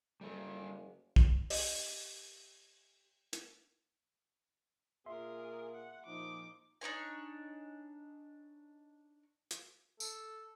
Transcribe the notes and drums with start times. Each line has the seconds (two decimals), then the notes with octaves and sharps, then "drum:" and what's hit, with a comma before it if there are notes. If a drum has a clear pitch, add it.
0.21 F#1 G3 A4
1.16 drum: kick
1.50 G4 D#5, drum: open hi-hat
3.33 drum: hi-hat
5.06 A#2 A#3 F4 G#4 A#4 E5 C6
5.75 F#5
6.06 A#2 F3 D#4 D6
6.81 D4 D#4 C#5 G#5
9.51 drum: hi-hat
10.00 A4, drum: tambourine